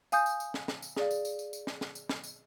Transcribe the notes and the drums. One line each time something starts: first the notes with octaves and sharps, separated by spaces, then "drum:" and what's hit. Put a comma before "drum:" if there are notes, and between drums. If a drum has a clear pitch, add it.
F5 G#5 D#6 G6, drum: tambourine
drum: tambourine
drum: tambourine
drum: snare
drum: snare
drum: tambourine
G#4 D5 F5, drum: snare
drum: tambourine
drum: tambourine
drum: tambourine
drum: tambourine
drum: snare
drum: snare
drum: tambourine
drum: snare
drum: tambourine